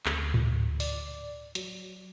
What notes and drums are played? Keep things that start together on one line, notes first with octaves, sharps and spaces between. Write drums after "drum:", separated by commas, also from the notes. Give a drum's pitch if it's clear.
D2, drum: clap
drum: tom G#2
D5, drum: open hi-hat
F#3, drum: hi-hat